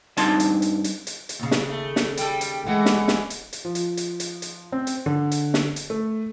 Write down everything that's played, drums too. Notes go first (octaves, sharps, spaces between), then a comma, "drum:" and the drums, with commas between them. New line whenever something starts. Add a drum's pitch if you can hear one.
G2 C4 D#4 A5 C6, drum: hi-hat
drum: hi-hat
drum: hi-hat
drum: hi-hat
drum: hi-hat
drum: hi-hat
D#2 C#3
drum: snare
A3
drum: snare
G3 A4 G5, drum: hi-hat
drum: hi-hat
E3 G#3 F#5
drum: snare
drum: snare
drum: hi-hat
drum: hi-hat
F3
drum: hi-hat
drum: hi-hat
drum: hi-hat
drum: hi-hat
C4
drum: hi-hat
D3
drum: hi-hat
drum: snare
drum: hi-hat
A3